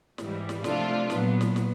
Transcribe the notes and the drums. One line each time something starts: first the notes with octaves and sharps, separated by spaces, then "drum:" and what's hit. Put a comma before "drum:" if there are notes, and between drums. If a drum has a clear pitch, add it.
G#2 E3 G3, drum: snare
drum: snare
C3 F3 A3 D4 F4, drum: snare
A#2 F#3 B3, drum: snare
drum: snare
drum: snare